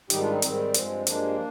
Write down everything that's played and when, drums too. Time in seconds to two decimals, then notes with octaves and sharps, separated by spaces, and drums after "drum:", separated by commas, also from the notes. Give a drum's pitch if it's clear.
0.10 G#2 D#3 G3 D#4 G4, drum: hi-hat
0.20 D4 F4
0.31 C4 D#4
0.42 G#2 D#3 G3 C4, drum: hi-hat
0.74 G2 F3 G#3, drum: hi-hat
1.07 G2 F3 G#3 A#3 D4, drum: hi-hat